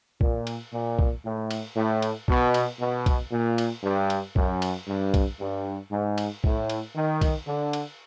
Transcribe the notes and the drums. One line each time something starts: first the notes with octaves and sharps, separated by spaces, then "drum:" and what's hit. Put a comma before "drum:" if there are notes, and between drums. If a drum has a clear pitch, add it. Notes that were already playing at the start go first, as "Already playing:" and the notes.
A#2, drum: kick
drum: cymbal
A#2
drum: kick
A2
drum: cymbal
A2
drum: cymbal
B2, drum: kick
drum: cymbal
B2
drum: kick, cymbal
A#2
drum: cymbal
G2
drum: cymbal
F#2, drum: kick
drum: cymbal
G2
drum: kick, cymbal
G2
G#2
drum: cymbal
A2, drum: kick
drum: cymbal
D#3
drum: kick, cymbal
D3
drum: cymbal